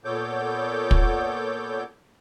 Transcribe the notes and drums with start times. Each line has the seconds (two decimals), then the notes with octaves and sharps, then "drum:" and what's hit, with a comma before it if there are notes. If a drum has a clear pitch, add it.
0.04 A#2 B3 A4 C#5 D6 G6
0.91 drum: kick